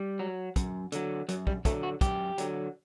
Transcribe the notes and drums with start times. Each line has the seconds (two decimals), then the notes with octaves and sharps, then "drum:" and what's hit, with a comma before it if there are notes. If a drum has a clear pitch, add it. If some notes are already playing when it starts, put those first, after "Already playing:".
Already playing: G3
0.19 F#3
0.56 F#2, drum: kick, hi-hat
0.92 D3 F#3, drum: hi-hat
1.29 F#2 F#3, drum: hi-hat
1.47 G3, drum: kick
1.65 D3 F#3 A3, drum: kick, hi-hat
1.83 F#4
2.01 F#2 G4, drum: kick, hi-hat
2.38 D3 F#3, drum: hi-hat